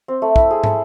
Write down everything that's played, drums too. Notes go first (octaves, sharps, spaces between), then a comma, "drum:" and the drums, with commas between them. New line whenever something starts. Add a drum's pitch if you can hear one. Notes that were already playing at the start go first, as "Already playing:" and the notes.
C4
A3
E4, drum: kick
G#4
A4, drum: tom